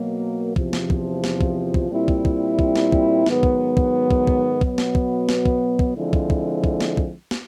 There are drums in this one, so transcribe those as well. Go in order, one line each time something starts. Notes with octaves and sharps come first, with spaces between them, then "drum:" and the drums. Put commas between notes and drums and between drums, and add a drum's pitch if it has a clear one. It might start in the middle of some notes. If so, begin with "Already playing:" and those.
Already playing: B2 F#3 A#3
E2 C3 F3, drum: kick
drum: snare
drum: kick
drum: snare
drum: kick
drum: kick
A#2 G3 C4 E4
drum: kick
drum: kick
drum: kick
drum: snare
drum: kick
G#2 D#3 F#3 B3, drum: snare
drum: kick
drum: kick
drum: kick
drum: kick
B2 F#3 B3, drum: kick
drum: snare
drum: kick
drum: snare
drum: kick
drum: kick
D3 F3 G#3 C4 E4
drum: kick
drum: kick
drum: kick
drum: snare
drum: kick
drum: snare